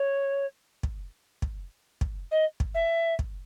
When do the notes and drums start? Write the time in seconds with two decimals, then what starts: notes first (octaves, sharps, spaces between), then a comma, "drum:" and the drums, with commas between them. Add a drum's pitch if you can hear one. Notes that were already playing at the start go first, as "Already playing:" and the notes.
Already playing: C#5
0.83 drum: kick
1.42 drum: kick
2.01 drum: kick
2.31 D#5
2.60 drum: kick
2.74 E5
3.19 drum: kick